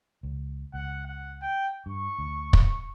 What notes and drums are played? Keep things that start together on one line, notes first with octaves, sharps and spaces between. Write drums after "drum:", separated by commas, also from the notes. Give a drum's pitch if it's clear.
C#2
C#2 F#5
F#5
G5
G2 C#6
D2
drum: kick